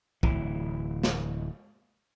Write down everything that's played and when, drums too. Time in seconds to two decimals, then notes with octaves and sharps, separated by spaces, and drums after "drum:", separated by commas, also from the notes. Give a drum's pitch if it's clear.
0.23 D1 E3, drum: kick
1.03 drum: snare